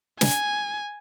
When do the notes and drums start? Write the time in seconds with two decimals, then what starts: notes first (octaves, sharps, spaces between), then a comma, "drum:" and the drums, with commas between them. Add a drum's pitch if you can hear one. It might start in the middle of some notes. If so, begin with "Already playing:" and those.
0.21 G#5, drum: snare